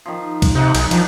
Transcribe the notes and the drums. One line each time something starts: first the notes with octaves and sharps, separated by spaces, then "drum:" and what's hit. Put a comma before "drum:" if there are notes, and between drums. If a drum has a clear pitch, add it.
D#3 F3
drum: kick, cymbal
C3 D#4 F5 F#5
B1 D#4 G#4, drum: cymbal
D#3 F3 D4, drum: cymbal